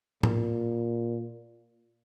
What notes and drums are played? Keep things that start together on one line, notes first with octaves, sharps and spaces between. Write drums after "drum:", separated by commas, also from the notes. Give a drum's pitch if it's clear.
A#2, drum: tom A2